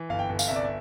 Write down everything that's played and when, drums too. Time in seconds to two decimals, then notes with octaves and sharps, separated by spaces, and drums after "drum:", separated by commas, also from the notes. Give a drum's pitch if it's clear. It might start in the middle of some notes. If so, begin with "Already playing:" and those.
Already playing: E3
0.09 G1 F5
0.19 G5
0.29 G1
0.39 F5, drum: tambourine
0.48 C2 E5
0.56 D5
0.65 E5